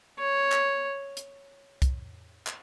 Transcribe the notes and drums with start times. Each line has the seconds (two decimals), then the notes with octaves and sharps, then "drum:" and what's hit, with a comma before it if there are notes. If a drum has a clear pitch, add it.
0.19 C#5
0.52 drum: clap
1.17 drum: hi-hat
1.82 drum: kick, hi-hat
2.47 drum: clap